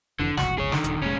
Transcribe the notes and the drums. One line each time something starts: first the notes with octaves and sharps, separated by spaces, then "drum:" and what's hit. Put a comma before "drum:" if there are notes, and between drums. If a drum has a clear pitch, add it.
F1 F2 D3 E3
D1 G1 C#2 F#4, drum: snare
G#4 C#5
D3 D#3, drum: snare
D#1, drum: hi-hat
F1 A#2 G#3 C#4